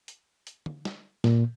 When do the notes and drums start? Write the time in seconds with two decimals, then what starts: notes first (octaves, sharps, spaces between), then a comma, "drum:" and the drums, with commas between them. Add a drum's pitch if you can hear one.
0.08 drum: hi-hat
0.47 drum: hi-hat
0.66 drum: tom
0.85 drum: snare
1.24 A#2, drum: snare